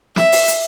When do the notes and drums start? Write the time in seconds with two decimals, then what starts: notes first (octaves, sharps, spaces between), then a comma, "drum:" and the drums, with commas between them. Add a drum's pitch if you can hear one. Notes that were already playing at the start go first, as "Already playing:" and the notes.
0.16 E5, drum: snare
0.32 drum: open hi-hat
0.48 drum: hi-hat